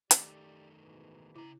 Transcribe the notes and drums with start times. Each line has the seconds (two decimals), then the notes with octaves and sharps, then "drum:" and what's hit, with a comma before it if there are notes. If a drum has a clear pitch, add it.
0.11 D#3 A3 G4 D5, drum: hi-hat
0.78 G#2 B2 E3
1.36 C#3 E4 A#5